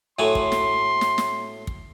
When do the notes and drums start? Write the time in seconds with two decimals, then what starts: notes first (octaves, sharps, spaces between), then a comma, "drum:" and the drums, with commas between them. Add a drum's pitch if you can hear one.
0.19 A2 F#3 G#5 C6
0.35 drum: kick
0.52 drum: snare
1.01 drum: snare
1.18 drum: snare
1.67 drum: kick